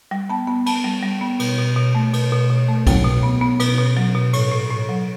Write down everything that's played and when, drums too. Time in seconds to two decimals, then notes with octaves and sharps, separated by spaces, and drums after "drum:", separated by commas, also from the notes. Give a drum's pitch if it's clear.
0.11 G3 G5
0.30 B3 A5
0.48 B3
0.66 B3 A5, drum: cymbal
0.84 G3
1.03 G3
1.21 B3
1.40 B2, drum: cymbal
1.58 B2
1.76 B2
1.95 A3
2.13 B2, drum: cymbal
2.32 B2
2.50 B2
2.68 A3
2.87 F#3 G5, drum: kick, cymbal
3.05 B2
3.23 B3
3.41 B3
3.60 B2 B4, drum: cymbal
3.79 B2
3.97 F#3
4.15 B2
4.33 A2 C#5, drum: cymbal
4.52 A2
4.70 A2
4.89 F#3